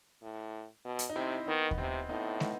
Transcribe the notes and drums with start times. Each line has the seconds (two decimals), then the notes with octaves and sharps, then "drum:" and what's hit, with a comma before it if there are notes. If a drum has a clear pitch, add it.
0.23 A2
0.85 B2
0.99 drum: hi-hat
1.10 D#4
1.16 C3 C4 E4
1.47 D#3 B3 D#4
1.71 B3, drum: kick D#2
1.78 C3 C4
2.09 A2 B3 D#4
2.40 B3 D#4, drum: snare